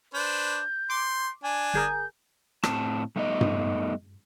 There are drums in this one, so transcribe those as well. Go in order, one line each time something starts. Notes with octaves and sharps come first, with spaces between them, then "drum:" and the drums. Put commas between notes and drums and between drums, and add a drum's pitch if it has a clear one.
D4 B4 C5 G6
C6 D6
D4 G#5
G1 G#4 A#4 G6
A2 C4 A5, drum: rim click
G3 A3 B3 D#4 A#4 D#5
drum: tom G2